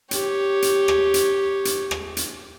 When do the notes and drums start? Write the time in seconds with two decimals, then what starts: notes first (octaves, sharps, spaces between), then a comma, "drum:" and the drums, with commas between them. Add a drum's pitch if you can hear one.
0.11 G4 C#5, drum: hi-hat
0.62 drum: hi-hat
0.88 drum: rim click
1.14 drum: hi-hat
1.65 drum: hi-hat
1.91 drum: rim click
2.17 drum: hi-hat